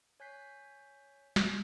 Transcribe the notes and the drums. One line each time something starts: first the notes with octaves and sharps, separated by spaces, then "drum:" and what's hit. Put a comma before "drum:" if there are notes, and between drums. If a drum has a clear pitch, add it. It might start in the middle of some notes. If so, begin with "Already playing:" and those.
C#5 G#5 F#6 G6 B6 C7
drum: snare